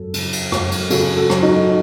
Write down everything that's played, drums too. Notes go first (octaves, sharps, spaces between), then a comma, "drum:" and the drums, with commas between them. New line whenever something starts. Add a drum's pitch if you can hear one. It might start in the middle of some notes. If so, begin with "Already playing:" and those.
Already playing: F#2 F#4 A4
C#3, drum: cymbal
drum: cymbal
F#2, drum: rim click
drum: cymbal
C#3 F#4 A4, drum: cymbal
F#4 A4
F#3, drum: rim click
D#4 F#4